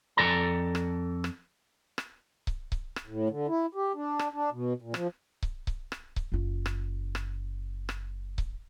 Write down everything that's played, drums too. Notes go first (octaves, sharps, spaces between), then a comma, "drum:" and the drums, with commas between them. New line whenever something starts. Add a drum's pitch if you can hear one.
F2 F3 A4 D5 A#5
drum: rim click
drum: rim click
drum: rim click
drum: kick C#1
drum: kick C#1
drum: rim click
A2
D3
E4
G4
D4
drum: rim click
D4
B2
A#2
F3, drum: rim click
drum: kick C#1
drum: kick C#1
drum: rim click
drum: kick C#1
F#1 F4
drum: rim click
drum: rim click
drum: rim click
drum: kick C#1